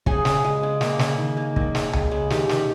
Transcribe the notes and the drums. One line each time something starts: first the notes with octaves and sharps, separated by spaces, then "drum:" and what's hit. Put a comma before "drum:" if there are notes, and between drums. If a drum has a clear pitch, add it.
C#3 G#4, drum: kick
C#3, drum: snare
G#3
C#3
A#3, drum: snare
C#3, drum: snare
D#3
A#3
D#3, drum: kick
C#3, drum: snare
G#3, drum: tom C#2
C#3
D#3 G4, drum: snare
D#3, drum: snare